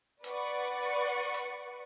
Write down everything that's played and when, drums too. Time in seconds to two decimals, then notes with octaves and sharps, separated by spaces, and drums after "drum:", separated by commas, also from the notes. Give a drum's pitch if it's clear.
0.24 B4 D5 F#5 C#6, drum: hi-hat
1.34 drum: hi-hat